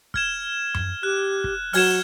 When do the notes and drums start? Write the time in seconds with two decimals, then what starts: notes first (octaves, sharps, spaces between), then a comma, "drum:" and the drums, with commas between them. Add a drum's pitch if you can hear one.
0.14 F6 G#6 E7, drum: kick
0.74 drum: tom F#2
1.03 G4 F#6
1.44 drum: kick
1.73 F#3 F6 G#6 E7, drum: open hi-hat